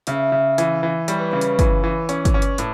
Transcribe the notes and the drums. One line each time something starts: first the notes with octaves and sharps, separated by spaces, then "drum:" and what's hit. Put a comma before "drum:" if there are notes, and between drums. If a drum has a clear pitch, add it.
C#3 E5, drum: hi-hat
C#3
E3, drum: hi-hat
E3
G3 C#5, drum: hi-hat
B4
C#3 C#5
drum: hi-hat
E3, drum: kick, hi-hat
E3
C#4 D5, drum: hi-hat
C#5, drum: kick, hi-hat
C#4
D5, drum: hi-hat
A2 D5, drum: hi-hat